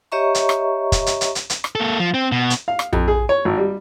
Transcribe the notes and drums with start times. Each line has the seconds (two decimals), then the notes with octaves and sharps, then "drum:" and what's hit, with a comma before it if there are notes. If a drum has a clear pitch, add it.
0.12 G4 C#5 D#5 E5 A#5 C#6
0.35 drum: hi-hat
0.49 drum: rim click
0.92 drum: kick, hi-hat
1.06 drum: hi-hat
1.21 drum: hi-hat
1.35 drum: hi-hat
1.50 drum: hi-hat
1.64 drum: rim click
1.75 A#3 A4
2.00 F3
2.14 C4
2.32 B2
2.50 drum: hi-hat
2.68 F5
2.79 drum: rim click
2.93 F2, drum: tom A#1
3.08 G#4
3.29 C#5
3.45 G#1
3.57 G3